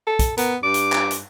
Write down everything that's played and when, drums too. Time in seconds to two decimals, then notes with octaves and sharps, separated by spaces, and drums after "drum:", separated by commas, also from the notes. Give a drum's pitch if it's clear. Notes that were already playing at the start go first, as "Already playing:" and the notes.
0.07 A4
0.19 drum: kick, hi-hat
0.38 B3 A#4, drum: hi-hat
0.63 G2 D6
0.74 drum: hi-hat
0.92 drum: clap
1.11 drum: hi-hat